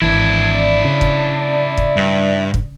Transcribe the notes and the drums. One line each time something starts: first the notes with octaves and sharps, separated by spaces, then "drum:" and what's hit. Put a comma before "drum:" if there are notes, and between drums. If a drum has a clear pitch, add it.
G#1 C#2 E3 D4 E4 G#6
D5
C#3
drum: kick
drum: kick
G2
drum: kick